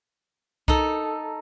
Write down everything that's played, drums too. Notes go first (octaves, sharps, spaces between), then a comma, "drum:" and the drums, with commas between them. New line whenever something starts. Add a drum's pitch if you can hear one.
D#4 A4, drum: kick C2